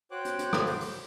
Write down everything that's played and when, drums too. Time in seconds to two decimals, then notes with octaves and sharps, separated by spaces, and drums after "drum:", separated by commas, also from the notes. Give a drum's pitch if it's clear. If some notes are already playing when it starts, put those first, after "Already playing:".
0.11 F#4 C5 C#5 G5 D6 F#6
0.25 drum: hi-hat
0.39 drum: hi-hat
0.53 drum: rim click
0.67 drum: open hi-hat
0.81 drum: open hi-hat